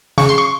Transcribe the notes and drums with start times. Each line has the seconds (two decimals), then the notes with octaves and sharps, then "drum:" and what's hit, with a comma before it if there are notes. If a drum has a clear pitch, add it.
0.18 C#3 C#6, drum: snare
0.29 C6
0.38 C#6